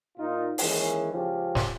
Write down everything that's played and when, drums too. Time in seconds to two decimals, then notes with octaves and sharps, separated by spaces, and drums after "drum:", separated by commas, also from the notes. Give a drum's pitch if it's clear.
0.17 A#2 D#4 F4
0.58 D#2 E3 G#3 C#4 G#4, drum: open hi-hat
1.13 C#2 F3 C#4 G4
1.55 drum: snare